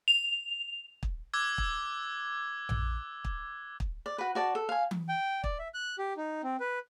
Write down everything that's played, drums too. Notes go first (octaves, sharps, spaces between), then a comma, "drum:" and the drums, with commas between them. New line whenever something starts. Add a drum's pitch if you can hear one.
F7
drum: kick
D6 E6 F#6 G#6 G7
drum: kick
drum: tom A#1
drum: kick
drum: kick
D5
F#4 B4
F#4 D5 A5
A4
F5 G#5
drum: tom E3
G5
D5, drum: kick
E5
F#6
G4
D#4
C4
B4